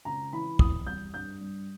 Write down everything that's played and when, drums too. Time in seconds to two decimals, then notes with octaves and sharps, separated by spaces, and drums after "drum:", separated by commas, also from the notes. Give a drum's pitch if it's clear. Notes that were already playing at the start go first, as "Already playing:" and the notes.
0.05 C#2 A#5
0.33 E3 B5
0.59 E2 D#6, drum: kick
0.87 G3 G6
1.14 G2 G6
1.41 G3